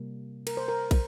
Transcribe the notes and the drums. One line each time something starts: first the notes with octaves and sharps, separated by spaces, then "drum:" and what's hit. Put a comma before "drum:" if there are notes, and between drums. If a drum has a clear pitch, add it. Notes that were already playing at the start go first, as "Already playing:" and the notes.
Already playing: C3 G3 A#3
A#4, drum: cymbal
C5
A#4
drum: kick, cymbal